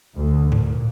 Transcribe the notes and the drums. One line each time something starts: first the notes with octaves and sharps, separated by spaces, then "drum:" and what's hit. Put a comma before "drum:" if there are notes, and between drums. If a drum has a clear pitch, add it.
D2
A#2, drum: tom G2